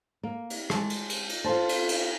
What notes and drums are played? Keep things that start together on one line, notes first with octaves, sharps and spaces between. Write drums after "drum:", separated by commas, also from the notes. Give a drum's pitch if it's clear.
A#3
drum: cymbal
G#3 A5, drum: rim click
drum: cymbal
drum: cymbal
drum: cymbal
F4 A4 C5 A5
drum: cymbal
drum: cymbal